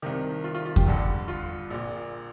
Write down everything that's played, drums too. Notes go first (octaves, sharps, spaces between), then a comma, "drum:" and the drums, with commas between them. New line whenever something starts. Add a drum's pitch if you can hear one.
C2 C3 D#3 D#4
F4
F4
F4
G4, drum: kick E2
G1 G2 D3
F4
A#1 A#2